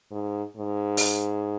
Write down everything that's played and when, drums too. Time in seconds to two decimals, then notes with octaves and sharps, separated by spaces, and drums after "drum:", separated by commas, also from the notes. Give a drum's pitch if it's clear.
0.11 G#2
0.57 G#2
0.97 drum: open hi-hat